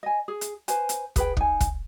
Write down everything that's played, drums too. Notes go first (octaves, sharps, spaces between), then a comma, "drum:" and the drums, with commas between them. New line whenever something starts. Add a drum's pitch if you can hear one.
D#5 G#5
G#4
drum: hi-hat
B4 C5 G#5, drum: hi-hat
drum: hi-hat
G#4 B4 G5, drum: kick, hi-hat
D#4 G#5, drum: kick
drum: kick, hi-hat